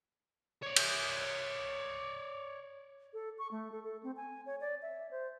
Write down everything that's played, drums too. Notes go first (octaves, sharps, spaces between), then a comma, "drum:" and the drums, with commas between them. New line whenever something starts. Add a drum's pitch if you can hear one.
C#5 D5
drum: cymbal
A4
C#6
A3
A4
A4
C4
G#5
C#5
D5
E5
C5